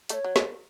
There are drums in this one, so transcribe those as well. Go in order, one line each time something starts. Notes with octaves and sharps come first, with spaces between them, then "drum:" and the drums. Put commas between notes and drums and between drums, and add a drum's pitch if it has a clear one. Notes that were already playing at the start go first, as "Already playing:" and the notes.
A3 E5, drum: hi-hat
C#5
F#3
G#3, drum: snare